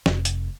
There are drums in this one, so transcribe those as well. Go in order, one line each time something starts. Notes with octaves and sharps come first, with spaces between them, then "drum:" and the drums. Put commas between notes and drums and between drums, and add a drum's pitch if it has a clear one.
F1, drum: snare
drum: hi-hat